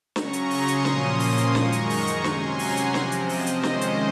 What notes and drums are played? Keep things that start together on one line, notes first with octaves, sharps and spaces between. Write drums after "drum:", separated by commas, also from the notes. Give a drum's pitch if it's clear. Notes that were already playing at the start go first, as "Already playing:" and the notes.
C#3 F#3 C#4 A#5 C#6, drum: snare
drum: hi-hat
C6 D#6, drum: open hi-hat
drum: hi-hat
A#2 F3 A#3 C#4 C6 D#6, drum: snare
C6 D#6, drum: open hi-hat
drum: hi-hat
F#2 D#3 G#3 A#5 C#6, drum: snare
drum: hi-hat
drum: open hi-hat
drum: hi-hat
C3 F#3 C#4 G#5 C6, drum: snare
F#5 A#5, drum: open hi-hat
drum: hi-hat
C3 F3 C4, drum: snare
drum: hi-hat
C5 D#5, drum: open hi-hat
drum: hi-hat
C3 D#3 G#3 C#4 C5 D#5, drum: snare
drum: hi-hat